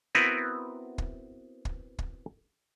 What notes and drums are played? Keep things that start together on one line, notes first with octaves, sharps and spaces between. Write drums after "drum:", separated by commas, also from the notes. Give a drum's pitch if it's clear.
B3 C4 E4 F#4 A#4 B4
drum: kick
drum: kick
drum: kick